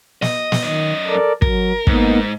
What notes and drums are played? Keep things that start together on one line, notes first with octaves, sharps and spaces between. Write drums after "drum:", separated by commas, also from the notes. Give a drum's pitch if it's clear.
D#5, drum: snare
drum: snare
F#2 D#3 D#5
A4 A#4 D5
F#3 A#4, drum: kick
G#2 A#3 B3 D#4, drum: kick